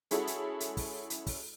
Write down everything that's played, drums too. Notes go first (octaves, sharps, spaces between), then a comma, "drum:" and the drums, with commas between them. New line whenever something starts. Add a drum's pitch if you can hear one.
G#3 C#4 E4 F#4 G#4 A4, drum: hi-hat
drum: hi-hat
drum: hi-hat
drum: kick, open hi-hat
drum: hi-hat
drum: kick, open hi-hat